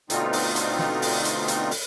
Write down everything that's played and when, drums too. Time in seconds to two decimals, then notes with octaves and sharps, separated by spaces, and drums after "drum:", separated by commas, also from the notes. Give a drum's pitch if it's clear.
0.10 B2 D3 A3 C4 D#4 F4, drum: hi-hat
0.33 drum: open hi-hat
0.56 drum: hi-hat
0.79 drum: snare
1.02 drum: open hi-hat
1.25 drum: hi-hat
1.48 drum: hi-hat
1.71 drum: open hi-hat